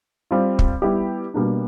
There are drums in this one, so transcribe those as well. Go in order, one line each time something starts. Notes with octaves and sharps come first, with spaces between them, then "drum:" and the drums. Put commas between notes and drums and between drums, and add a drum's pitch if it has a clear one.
G3 C4 F4
drum: kick
G3 B3 E4 G4
B2 G3 A#3 D4